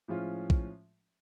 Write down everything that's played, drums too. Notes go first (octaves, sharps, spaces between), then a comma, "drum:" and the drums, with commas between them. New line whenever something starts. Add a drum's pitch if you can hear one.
A2 F3 G#3 C#4 F4
drum: kick